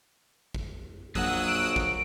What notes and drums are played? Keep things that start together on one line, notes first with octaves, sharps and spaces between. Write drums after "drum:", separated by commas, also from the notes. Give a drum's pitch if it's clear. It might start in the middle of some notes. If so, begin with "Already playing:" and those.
drum: kick
A#1 F#3 F#5 D#6 E6 F#6, drum: kick
D7
drum: kick